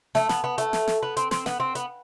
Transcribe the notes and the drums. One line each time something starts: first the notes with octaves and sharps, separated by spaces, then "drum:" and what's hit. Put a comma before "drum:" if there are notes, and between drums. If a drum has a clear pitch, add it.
A3, drum: snare
B3, drum: snare
B3
A3, drum: hi-hat
drum: snare
drum: snare
B3
C4, drum: hi-hat
C4, drum: snare
B3, drum: snare
C4
B3, drum: hi-hat